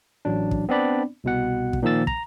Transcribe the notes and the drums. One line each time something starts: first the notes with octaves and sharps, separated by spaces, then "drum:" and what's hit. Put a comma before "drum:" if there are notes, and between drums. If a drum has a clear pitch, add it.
A1 F#3 D4
drum: kick
B3 C4 D4 D5 B5
C2 B2 F#5
drum: kick
A#2 D#3 F3 A#3 E6 A6
A#5, drum: kick